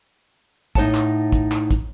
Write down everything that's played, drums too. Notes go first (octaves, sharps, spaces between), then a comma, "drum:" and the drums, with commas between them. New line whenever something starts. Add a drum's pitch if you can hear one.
A2 D#4 G4 C#5 F#5 A5, drum: kick
drum: clap
drum: kick, hi-hat
drum: clap
drum: kick, hi-hat